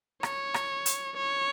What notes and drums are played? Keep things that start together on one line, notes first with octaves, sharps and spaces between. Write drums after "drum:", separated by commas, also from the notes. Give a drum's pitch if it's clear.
C#5, drum: rim click
drum: rim click
drum: hi-hat
C#5